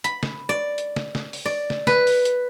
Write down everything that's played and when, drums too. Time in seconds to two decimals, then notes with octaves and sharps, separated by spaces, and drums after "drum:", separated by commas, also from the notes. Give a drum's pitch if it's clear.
0.04 B5, drum: hi-hat
0.23 drum: snare
0.49 D5
0.78 drum: hi-hat
0.96 drum: snare
1.15 drum: snare
1.33 drum: open hi-hat
1.46 D5
1.70 drum: snare
1.87 B4, drum: snare
2.07 drum: open hi-hat
2.25 drum: hi-hat